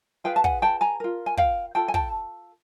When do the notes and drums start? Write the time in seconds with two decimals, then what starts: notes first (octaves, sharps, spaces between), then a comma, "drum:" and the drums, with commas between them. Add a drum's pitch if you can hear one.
0.24 F4 G#4 B4 F5 G5
0.36 A5
0.44 F#5 G#5, drum: kick
0.62 G5 A5
0.81 G#5 A#5
1.00 F4 A#4
1.26 G#5
1.37 F5 G5, drum: kick
1.75 F4 A4 G5 A5
1.88 G#5
1.94 G5 A5, drum: kick